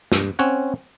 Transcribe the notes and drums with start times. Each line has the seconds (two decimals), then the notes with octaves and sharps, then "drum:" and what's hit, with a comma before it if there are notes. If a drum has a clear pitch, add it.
0.12 G2, drum: snare
0.39 C4 C#4 C#5 F#5